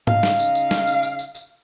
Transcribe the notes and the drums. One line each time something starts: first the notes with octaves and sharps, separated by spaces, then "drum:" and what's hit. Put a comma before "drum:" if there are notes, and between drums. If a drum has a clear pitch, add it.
C#3 D#4 F5, drum: tom G#2
drum: snare
drum: tambourine
drum: tambourine
drum: snare
drum: tambourine
drum: tambourine
drum: tambourine
drum: tambourine